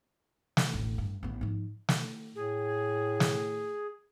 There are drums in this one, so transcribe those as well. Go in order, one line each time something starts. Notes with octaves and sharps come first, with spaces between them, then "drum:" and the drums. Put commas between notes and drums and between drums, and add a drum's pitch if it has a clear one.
drum: snare
E1 A1
G2
A1 B3
G#2 F3
drum: snare
A2 G#4
drum: snare